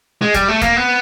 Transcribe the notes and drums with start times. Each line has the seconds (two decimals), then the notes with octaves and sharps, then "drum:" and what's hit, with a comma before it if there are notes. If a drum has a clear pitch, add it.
0.22 G#3
0.34 G3, drum: kick D#2, hi-hat
0.48 A3
0.61 A#3, drum: kick D#2, hi-hat
0.76 B3